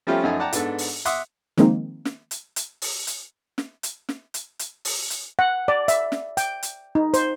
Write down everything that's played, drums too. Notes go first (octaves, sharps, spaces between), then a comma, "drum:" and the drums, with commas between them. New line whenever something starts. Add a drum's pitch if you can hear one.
F3 G3 A3 C#4 F4 G4
F#2 F3 A3 D#4 G#5
D5 F#5 G5 A5 A#5
G#2 B3 D4 A4, drum: hi-hat
drum: open hi-hat
E5 F#5 C6 D6 D#6, drum: hi-hat
D#3 F3 G#3 A#3 C4 D#4, drum: snare
drum: snare
drum: hi-hat
drum: hi-hat
drum: open hi-hat
drum: hi-hat
drum: snare
drum: hi-hat
drum: snare
drum: hi-hat
drum: hi-hat
drum: open hi-hat
drum: hi-hat
F#5
D5
E5, drum: hi-hat
drum: snare
G5, drum: hi-hat
drum: hi-hat
D#4
C5, drum: hi-hat